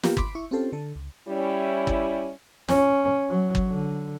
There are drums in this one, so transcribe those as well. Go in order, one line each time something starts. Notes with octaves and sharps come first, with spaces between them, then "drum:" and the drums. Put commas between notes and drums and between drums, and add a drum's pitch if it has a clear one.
A#3 B3 F4 G4 A#4, drum: snare
B5 C6 D6, drum: kick
E4 C#6
C4 C#4 F4 G4 A4 C5
D3 A4
C#2
G3 C#4 E4
drum: kick
C#4, drum: snare
F#3
drum: kick
D3